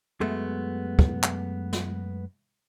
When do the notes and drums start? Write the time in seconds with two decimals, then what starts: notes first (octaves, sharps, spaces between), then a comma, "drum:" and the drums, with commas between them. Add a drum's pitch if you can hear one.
0.21 F#2 G#3 A3 B3
0.99 drum: kick
1.23 drum: clap
1.73 drum: snare